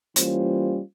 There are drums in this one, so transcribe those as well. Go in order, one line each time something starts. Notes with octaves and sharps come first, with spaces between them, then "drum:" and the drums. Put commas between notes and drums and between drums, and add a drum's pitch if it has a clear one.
E3 G3 A#3 C#4 F4 C5, drum: hi-hat